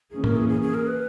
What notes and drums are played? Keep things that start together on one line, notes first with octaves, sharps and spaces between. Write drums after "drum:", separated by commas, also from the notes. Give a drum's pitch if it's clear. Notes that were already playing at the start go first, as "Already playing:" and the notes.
E3 A#3 C#4 G#4
A#4, drum: tom
G#4
G#4
G#4
A#4
B4